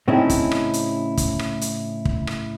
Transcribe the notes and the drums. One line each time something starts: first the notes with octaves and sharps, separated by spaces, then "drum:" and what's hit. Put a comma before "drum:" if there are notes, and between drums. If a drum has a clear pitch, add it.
A2 C#3 C4 C#4 D#4 E4
drum: kick, hi-hat
drum: rim click
drum: hi-hat
drum: kick, hi-hat
drum: rim click
drum: hi-hat
drum: kick
drum: rim click